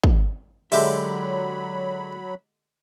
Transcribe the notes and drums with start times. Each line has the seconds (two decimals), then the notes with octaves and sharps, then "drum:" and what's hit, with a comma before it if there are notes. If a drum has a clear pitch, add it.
0.04 drum: kick
0.72 D3 F#3 G#3 G4 E5 B5, drum: open hi-hat